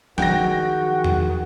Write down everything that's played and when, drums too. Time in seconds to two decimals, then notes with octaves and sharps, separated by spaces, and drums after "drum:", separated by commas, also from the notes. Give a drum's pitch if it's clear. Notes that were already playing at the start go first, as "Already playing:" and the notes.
0.18 D#3 F3 D#4 F#4 G#4 G5 A#6, drum: snare
1.04 drum: tom E2